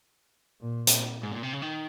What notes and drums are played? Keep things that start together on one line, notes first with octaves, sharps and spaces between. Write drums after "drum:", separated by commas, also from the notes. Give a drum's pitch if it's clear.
A#2
drum: hi-hat
G#2
A#2
C3
C#3
D#3